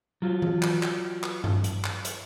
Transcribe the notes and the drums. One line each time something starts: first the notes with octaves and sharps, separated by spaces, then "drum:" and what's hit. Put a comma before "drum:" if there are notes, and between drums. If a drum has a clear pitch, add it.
F#3 F4
drum: tom E3
drum: clap
drum: clap
drum: clap
drum: tom G2
drum: hi-hat
drum: clap
drum: hi-hat